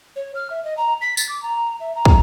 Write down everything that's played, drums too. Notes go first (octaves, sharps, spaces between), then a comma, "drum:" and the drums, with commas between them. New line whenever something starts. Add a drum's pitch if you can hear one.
C#5
F6
E5
D#5
A#5
B6
A6, drum: tambourine
D6
A#5
E5
A#5
drum: kick